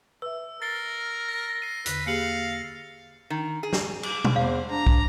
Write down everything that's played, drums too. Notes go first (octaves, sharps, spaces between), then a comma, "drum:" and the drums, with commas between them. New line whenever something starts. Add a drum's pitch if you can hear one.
B4 E5 E6
A#4 A6 C7 G7
A#6
C7 D#7
E2 D3 B4, drum: hi-hat
A#3 G4 G#4 F5 C7 C#7 F#7
D#3
G#4
drum: snare
D6, drum: cymbal
drum: tom
E2 C5 F5
D4 A#5
drum: kick